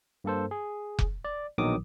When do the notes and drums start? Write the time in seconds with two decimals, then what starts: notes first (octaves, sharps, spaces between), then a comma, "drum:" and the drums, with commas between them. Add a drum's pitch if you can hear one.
0.24 G2 A#3 A4 C5
0.51 G#4
0.99 drum: kick F1
1.25 D5
1.58 A#1 B2 D#3 F#3 D6 D#6